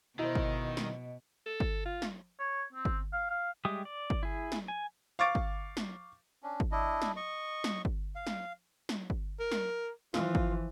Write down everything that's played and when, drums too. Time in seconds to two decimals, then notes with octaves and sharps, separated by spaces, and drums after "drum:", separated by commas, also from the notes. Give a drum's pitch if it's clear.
0.19 B2 D#3 E4 C5 D#5
0.35 drum: kick G1
0.77 drum: snare
1.46 A4
1.60 drum: kick G1
1.85 F4
2.02 drum: snare
2.40 C#5
2.73 C4
2.85 drum: kick G1
3.13 F5
3.30 F5
3.65 G3 G#3 G4 E5 D#6
3.85 D5
4.10 drum: kick G1
4.23 E4 G#4
4.52 drum: snare
4.68 G#5
5.19 F5 C#6 D6 A6 D7
5.35 drum: kick G1
5.77 drum: snare
6.43 C#4 D4
6.60 drum: kick G1
6.71 D4 E4 D#5
7.02 drum: snare
7.16 D#5 C#6
7.64 drum: snare
7.85 drum: kick G1
8.15 F5
8.27 drum: snare
8.89 drum: snare
9.10 drum: kick G1
9.40 A#4
9.52 drum: snare
10.14 E3 F3 F4, drum: snare
10.35 drum: kick G1